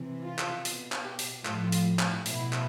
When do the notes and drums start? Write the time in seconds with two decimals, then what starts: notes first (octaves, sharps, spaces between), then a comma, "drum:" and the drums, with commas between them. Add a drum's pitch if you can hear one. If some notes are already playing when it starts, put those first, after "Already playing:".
Already playing: C3 E3
0.25 F4
0.39 drum: clap
0.65 B2, drum: open hi-hat
0.92 drum: clap
1.05 G4
1.19 drum: open hi-hat
1.45 A2 F3 F4, drum: clap
1.72 drum: open hi-hat
1.99 drum: clap
2.26 B2 E4, drum: open hi-hat
2.53 drum: clap